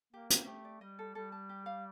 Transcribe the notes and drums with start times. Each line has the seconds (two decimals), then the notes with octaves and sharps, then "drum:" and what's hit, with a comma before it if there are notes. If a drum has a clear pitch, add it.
0.13 A#3 G4
0.30 G4, drum: hi-hat
0.46 A3 G4
0.65 D5
0.81 G3 D#5
0.99 A4
1.15 G3 A4
1.32 A5
1.49 G4
1.66 F5